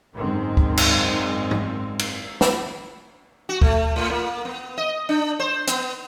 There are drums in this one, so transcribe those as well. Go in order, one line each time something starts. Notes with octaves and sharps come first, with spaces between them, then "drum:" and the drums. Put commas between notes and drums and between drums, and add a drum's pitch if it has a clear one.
G#1 F#2 D#3 G#3 C4
drum: kick
drum: cymbal
drum: tom G#2
drum: cymbal
drum: snare
F#4
A3, drum: kick
A2
A#3
B3
D#5
D4
C5
B3, drum: hi-hat